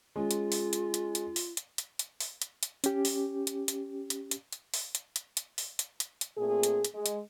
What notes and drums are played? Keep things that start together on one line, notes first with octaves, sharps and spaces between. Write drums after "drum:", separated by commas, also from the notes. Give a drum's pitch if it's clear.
G#3 C#4 F4
drum: hi-hat
drum: open hi-hat
drum: hi-hat
drum: hi-hat
drum: hi-hat
drum: open hi-hat
drum: hi-hat
drum: hi-hat
drum: hi-hat
drum: open hi-hat
drum: hi-hat
drum: hi-hat
C#4 G4, drum: hi-hat
drum: open hi-hat
drum: hi-hat
drum: hi-hat
drum: hi-hat
drum: hi-hat
drum: hi-hat
drum: open hi-hat
drum: hi-hat
drum: hi-hat
drum: hi-hat
drum: open hi-hat
drum: hi-hat
drum: hi-hat
drum: hi-hat
A#2 A3 C4 G#4
drum: hi-hat
drum: hi-hat
G#3
drum: hi-hat